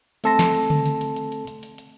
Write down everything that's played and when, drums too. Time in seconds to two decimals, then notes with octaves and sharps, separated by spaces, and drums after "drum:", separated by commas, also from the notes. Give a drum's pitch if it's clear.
0.24 A3 C4 A4 A5 C6 A#6, drum: hi-hat
0.39 drum: snare
0.55 drum: hi-hat
0.70 drum: tom C#3
0.86 drum: hi-hat
1.01 drum: hi-hat
1.16 drum: hi-hat
1.32 drum: hi-hat
1.47 drum: hi-hat
1.63 drum: hi-hat
1.78 drum: hi-hat